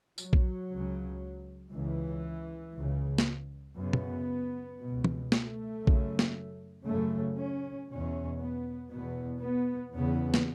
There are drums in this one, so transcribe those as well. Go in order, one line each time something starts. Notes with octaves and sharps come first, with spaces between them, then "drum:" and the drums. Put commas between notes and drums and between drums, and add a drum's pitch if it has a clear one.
F#3, drum: tambourine
drum: kick A#1
C#2 C#3
C#2 C#3 E3
C#2 C#3
drum: snare
F#2 C#3 B3
drum: tom
B2
C#2
drum: tom
A3, drum: snare
C#3
F#2, drum: kick A#1
drum: snare
F#2 C#3 A3
C#4
E2 B2 C#4
B3
E2 B2 B3
B3
E2 C#3 B3
drum: snare